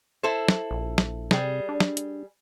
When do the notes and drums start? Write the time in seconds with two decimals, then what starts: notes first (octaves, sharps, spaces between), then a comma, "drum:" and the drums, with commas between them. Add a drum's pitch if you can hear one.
0.23 E4 A4 C5
0.48 drum: snare
0.71 A#1
0.98 drum: snare
1.31 C3 G3 G#4, drum: snare
1.69 D4
1.80 drum: snare
1.97 drum: hi-hat